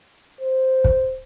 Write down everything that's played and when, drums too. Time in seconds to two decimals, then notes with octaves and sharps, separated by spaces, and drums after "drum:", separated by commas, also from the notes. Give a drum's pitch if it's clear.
0.41 C5
0.84 drum: kick